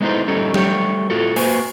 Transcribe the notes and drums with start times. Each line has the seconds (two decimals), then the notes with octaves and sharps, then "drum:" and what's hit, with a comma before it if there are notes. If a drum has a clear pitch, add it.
0.01 G#3 B3 D#4 E4 A4 C5
0.27 G3 A3 C#4 D#4 G4 A4
0.54 G3 A3 G4 C#5, drum: tom F#3
1.10 A2 F4 F#4 A4
1.36 A#3 F#4 B4 C5 G#5, drum: open hi-hat